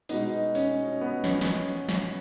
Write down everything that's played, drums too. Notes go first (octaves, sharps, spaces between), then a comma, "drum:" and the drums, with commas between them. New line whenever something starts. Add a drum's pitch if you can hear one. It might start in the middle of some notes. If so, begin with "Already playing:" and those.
B2 G#3 B3 D#4, drum: open hi-hat
C#4, drum: open hi-hat
B3
C#4, drum: snare
drum: snare
drum: snare